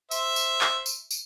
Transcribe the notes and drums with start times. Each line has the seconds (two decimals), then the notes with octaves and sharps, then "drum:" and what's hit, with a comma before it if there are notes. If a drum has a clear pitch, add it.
0.11 C5 E5, drum: tambourine
0.36 drum: tambourine
0.61 drum: clap
0.86 drum: tambourine
1.11 drum: tambourine